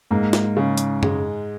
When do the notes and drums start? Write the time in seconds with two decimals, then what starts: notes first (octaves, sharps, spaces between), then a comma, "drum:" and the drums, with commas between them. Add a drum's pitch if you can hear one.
0.11 G#2 A#3
0.33 drum: snare
0.57 C#3
0.78 drum: hi-hat
1.03 G#3, drum: tom F#2